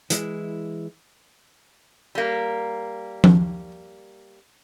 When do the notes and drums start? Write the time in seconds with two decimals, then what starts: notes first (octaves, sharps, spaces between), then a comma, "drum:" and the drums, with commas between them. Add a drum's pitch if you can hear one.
0.10 E3 G#3 E4, drum: hi-hat
2.15 G3 A#3
3.24 drum: tom F3